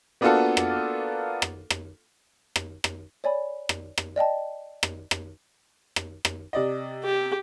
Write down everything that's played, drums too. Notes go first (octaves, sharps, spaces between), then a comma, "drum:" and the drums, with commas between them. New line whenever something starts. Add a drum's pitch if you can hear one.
A#3 B3 D4 F4 F#4 A4
drum: rim click
drum: rim click
drum: rim click
drum: rim click
drum: rim click
C#5 D5 G#5 B5
drum: rim click
drum: rim click
D5 D#5 G5 A5
drum: rim click
drum: rim click
drum: rim click
drum: rim click
C3 D5 D#5
G4